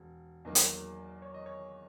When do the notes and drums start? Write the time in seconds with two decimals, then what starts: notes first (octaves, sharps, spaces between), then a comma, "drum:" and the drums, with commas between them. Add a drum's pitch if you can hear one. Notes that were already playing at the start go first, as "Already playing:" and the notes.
Already playing: E1
0.45 E2 D#3 F#3 A#3 D#5
0.55 drum: hi-hat
1.22 C#5
1.34 D#5
1.46 C#5